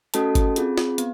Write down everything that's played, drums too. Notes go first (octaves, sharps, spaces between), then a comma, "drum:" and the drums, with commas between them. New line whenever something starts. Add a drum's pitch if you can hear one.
A3 C#4 F#4 A4 A5, drum: hi-hat
drum: kick G1, hi-hat
C4 F4 G#4, drum: hi-hat
drum: snare
B3, drum: hi-hat